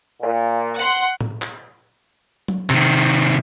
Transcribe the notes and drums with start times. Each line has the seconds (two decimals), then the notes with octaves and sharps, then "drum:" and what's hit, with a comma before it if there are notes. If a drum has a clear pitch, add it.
0.23 A#2
0.77 F#5 C6
1.21 drum: tom A2
1.42 drum: clap
2.48 drum: tom F#3
2.70 C3 D#3, drum: clap